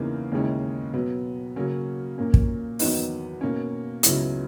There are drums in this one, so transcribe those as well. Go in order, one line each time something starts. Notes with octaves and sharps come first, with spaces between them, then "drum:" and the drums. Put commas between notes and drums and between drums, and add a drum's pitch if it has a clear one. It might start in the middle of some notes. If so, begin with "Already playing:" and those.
Already playing: E2 C#3 E3 A#3 D#4
D#2 C#3 G#3 C#4 E4
B2 F#3 B3
C#3 F#3 A#3 C#4
A#2 A#3 C#4
drum: kick
E2 D#3 F#3 B3 D#4, drum: open hi-hat
B2 A#3 C#4
C#2 C#3 F#3 B3 E4, drum: hi-hat